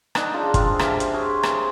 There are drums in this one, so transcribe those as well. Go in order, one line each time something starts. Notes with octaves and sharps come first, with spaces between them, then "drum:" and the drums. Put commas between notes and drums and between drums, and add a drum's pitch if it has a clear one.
D4 D#4 F#5, drum: rim click
C#3 D4 F4 A4
C4 F4 A#5, drum: kick, hi-hat
G4 E5 G5 A5, drum: rim click
F5, drum: hi-hat
F#3 G#4 C5
drum: rim click